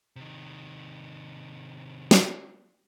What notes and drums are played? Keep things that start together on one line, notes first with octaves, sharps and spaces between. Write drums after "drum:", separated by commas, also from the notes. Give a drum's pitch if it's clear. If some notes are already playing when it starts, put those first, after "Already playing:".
C3 D#3
drum: snare